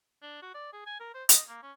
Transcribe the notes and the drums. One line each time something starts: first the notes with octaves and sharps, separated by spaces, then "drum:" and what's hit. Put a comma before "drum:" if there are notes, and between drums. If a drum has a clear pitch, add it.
D4
F#4
D5
G#4
G#5
A#4
C5
D#5, drum: hi-hat
A#3
C#4